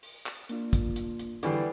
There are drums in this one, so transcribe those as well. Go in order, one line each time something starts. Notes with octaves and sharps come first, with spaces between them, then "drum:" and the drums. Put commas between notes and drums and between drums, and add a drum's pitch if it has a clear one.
drum: open hi-hat
drum: clap
A#3 D4 F4, drum: hi-hat
drum: kick, hi-hat
drum: hi-hat
drum: hi-hat
D3 E3 G3 C#6 D#6 C7, drum: hi-hat